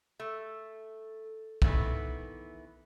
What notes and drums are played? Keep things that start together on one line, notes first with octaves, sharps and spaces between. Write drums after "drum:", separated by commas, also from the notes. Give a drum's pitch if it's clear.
A3
D#3 E3 A3 B3, drum: kick